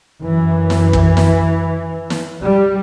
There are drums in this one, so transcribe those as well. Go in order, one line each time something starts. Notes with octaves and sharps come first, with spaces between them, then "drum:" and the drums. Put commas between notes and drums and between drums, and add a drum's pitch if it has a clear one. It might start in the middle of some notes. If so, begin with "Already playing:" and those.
F#2 E3
drum: snare
drum: kick
drum: snare
drum: snare
G3